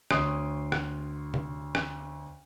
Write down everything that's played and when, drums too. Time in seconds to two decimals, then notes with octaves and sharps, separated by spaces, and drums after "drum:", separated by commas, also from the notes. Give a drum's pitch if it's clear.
0.11 D2 C#5 C6 D#6 C7 D7, drum: rim click
0.72 drum: rim click
1.34 drum: tom C3
1.75 drum: rim click